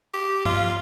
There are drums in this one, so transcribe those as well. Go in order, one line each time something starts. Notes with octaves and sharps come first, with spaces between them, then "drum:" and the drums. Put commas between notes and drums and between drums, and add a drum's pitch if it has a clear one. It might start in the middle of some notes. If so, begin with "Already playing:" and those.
G4
F4, drum: tom G2